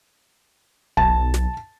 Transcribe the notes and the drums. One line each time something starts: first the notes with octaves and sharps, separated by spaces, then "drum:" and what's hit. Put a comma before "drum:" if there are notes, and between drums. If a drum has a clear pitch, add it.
B1 A5, drum: kick
drum: snare